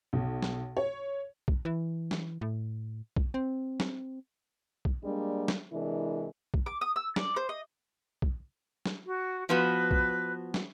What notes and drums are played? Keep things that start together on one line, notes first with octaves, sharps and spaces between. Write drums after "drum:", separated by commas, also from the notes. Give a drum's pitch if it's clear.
B1
drum: snare
C#5
drum: kick
E3
drum: snare
A2
drum: kick
C4
drum: snare
drum: kick
G3 G#3 A#3 D4
drum: snare
C3 E3 G#3 D4 E4 A#4
drum: kick
D6
D#6
E6
D5, drum: snare
C5
D#5
drum: kick
drum: snare
F#4
F3 B3 F#4 B4
drum: kick
drum: snare